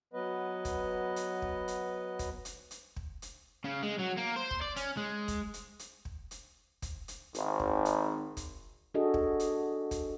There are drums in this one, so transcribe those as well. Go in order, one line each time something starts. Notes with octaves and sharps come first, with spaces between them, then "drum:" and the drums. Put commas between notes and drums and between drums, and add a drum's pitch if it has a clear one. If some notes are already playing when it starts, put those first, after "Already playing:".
F#3 B3 B4 D#5
drum: kick, hi-hat
drum: hi-hat
drum: kick
drum: hi-hat
drum: kick, hi-hat
drum: hi-hat
drum: hi-hat
drum: kick
drum: hi-hat
C#3
G#3
F#3
A#3
C5
drum: kick
D5
C#4, drum: hi-hat
G#3
drum: kick, hi-hat
drum: hi-hat
drum: hi-hat
drum: kick
drum: hi-hat
drum: kick, hi-hat
drum: hi-hat
G#1, drum: hi-hat
drum: kick
drum: hi-hat
drum: kick, hi-hat
D4 F#4 G#4 A4 D#5
drum: kick
drum: hi-hat
drum: kick, hi-hat